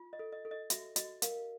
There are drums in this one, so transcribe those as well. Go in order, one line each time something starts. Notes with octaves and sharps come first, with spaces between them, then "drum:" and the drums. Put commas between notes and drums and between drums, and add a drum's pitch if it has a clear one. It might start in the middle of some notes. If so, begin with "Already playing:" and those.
Already playing: F4
D#5
A4
D#5
A4
D#5
F#4 E5, drum: hi-hat
F#4 D#5, drum: hi-hat
A#4 F5, drum: hi-hat